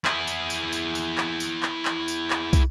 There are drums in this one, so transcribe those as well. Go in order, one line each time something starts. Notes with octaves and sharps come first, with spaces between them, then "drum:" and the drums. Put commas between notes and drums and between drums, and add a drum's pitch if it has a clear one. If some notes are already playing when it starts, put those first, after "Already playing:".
E4 G#4, drum: clap
drum: tambourine
drum: tambourine
drum: tambourine
drum: tambourine
drum: clap
drum: tambourine
drum: clap
drum: clap
drum: tambourine
drum: clap
drum: kick, tambourine